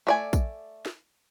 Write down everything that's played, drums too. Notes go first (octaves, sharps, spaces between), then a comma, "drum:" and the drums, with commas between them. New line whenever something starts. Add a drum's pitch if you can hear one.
A3 D5 G#5
drum: kick, tambourine
drum: snare